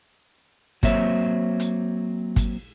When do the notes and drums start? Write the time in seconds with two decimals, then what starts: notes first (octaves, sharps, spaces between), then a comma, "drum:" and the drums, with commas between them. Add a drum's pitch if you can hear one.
0.83 F#3 A#3 C4 C#5 E5, drum: kick G#1, hi-hat
1.60 drum: hi-hat
2.36 drum: kick G#1, hi-hat